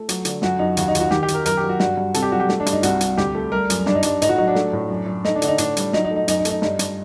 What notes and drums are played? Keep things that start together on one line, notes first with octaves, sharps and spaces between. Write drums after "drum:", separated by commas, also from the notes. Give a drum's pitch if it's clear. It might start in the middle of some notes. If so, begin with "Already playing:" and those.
Already playing: A3
F#3, drum: hi-hat
D3, drum: hi-hat
F#2 F#4, drum: snare
F#2 D#4
D#2 F#4, drum: hi-hat
D#4
D#2, drum: hi-hat
F#4
D#3 G4, drum: snare
G4
D#3, drum: hi-hat
A#4
F#2 A#4, drum: hi-hat
G4
F#3
F#4
G2 F#4, drum: snare
G2
C3 A4, drum: hi-hat
G4
F#3 F#4
G4
A3, drum: snare
D4
G2, drum: hi-hat
D#4
C2 F#4, drum: hi-hat
C2, drum: hi-hat
D2 G4, drum: snare
A3
G3 A#4
F#2, drum: hi-hat
G2 D4, drum: snare
D#4
G2 D4, drum: hi-hat
A2 D#4, drum: hi-hat
F#4
F#3 D#4
D4
A3, drum: snare
A2
F#2
F#2
A3 D#4, drum: snare
D4
D3, drum: hi-hat
D#4
A2 D4, drum: hi-hat
G3, drum: hi-hat
F#3 D#4, drum: snare
D#4
A3
D#4
F#2 D#4, drum: hi-hat
D#4
A3, drum: hi-hat
D#4
G2 D#4, drum: snare
G2, drum: hi-hat